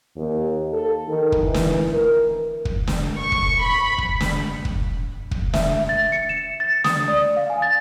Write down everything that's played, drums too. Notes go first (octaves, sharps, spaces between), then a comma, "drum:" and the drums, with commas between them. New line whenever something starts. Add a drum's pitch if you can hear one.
D#2
A4
D#3
drum: kick
E3
drum: snare
A#4
drum: kick
drum: snare
C#6
drum: kick
B5
drum: kick
drum: snare
drum: kick
drum: kick
E5, drum: snare
A6
C#7
E7
A6
D#6, drum: snare
D5
F5
G#5
A6